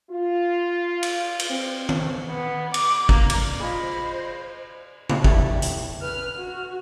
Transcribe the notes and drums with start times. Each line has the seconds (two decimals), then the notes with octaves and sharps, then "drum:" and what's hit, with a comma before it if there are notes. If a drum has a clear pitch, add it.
0.10 F4
1.03 drum: cymbal
1.40 drum: cymbal
1.50 C4
1.89 drum: tom D#3
2.29 B3
2.74 D6, drum: cymbal
3.09 A#3, drum: kick
3.30 drum: cymbal
3.60 F4 G#4 C5 D#5 B5
5.09 drum: tom C3
5.24 E2 G3 A3 E4, drum: kick
5.62 drum: hi-hat
6.01 B4 F6
6.37 F#4